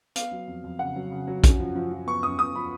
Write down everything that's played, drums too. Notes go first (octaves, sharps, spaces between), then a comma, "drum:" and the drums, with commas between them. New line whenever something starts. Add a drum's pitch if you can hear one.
B3 F5, drum: hi-hat
F#3
F2
F2
C#3 F#5
F#3
C#3
F#3
F#2, drum: kick A#1, hi-hat
F3
F3
F3
B3 C#6
F#2 D#6
F#2 D#6
F3 B5